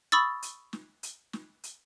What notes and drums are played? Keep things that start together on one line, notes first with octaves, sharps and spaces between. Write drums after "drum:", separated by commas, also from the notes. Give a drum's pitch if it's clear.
B5 C#6 D#6 E6 A6
drum: hi-hat
drum: snare
drum: hi-hat
drum: snare
drum: hi-hat